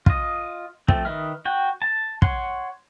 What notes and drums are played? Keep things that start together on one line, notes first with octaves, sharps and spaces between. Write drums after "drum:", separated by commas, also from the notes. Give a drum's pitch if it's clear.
F4 D#5, drum: kick
F3 A3 C4, drum: kick
D#3 B4 D#5 E5 F6
F#4 G5
A5
C#5 F#5 C6, drum: kick